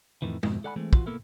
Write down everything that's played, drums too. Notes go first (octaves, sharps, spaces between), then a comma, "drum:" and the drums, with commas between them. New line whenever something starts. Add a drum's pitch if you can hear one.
F2 A2 D#3 E3
F2 G#2 B2 D#3, drum: tom G#3
A4 D5 F#5 G#5 B5
E3 G#3 A3 C4
E3 F4 F#4, drum: kick
A#3 B3 E4 A4 A#4 E5